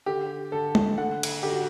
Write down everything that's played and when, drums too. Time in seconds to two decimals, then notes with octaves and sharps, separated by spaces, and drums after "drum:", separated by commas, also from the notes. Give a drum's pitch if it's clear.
0.06 D3 G4
0.52 D3 A4
0.75 drum: tom G#3
0.98 D3 F#5
1.23 drum: cymbal
1.43 D3 G4
1.51 F#4